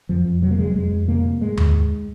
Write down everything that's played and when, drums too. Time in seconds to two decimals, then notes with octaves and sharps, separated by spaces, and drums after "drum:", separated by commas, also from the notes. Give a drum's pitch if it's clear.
0.09 F2 F3
0.25 F2
0.42 C3 F#3
0.51 A#3
0.59 C3 G#3
0.67 F#3
0.75 F2 G#3
0.92 F2
1.08 C3 A#3
1.25 C3
1.41 G#2 G#3
1.57 G#2, drum: tom D#2
1.74 G#2